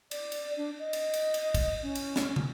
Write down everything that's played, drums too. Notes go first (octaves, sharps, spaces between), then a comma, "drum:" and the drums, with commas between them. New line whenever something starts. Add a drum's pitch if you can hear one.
D5, drum: cymbal
drum: cymbal
D4
D#5
drum: cymbal
drum: cymbal
drum: cymbal
drum: kick, cymbal
C#4
drum: cymbal
drum: snare
drum: tom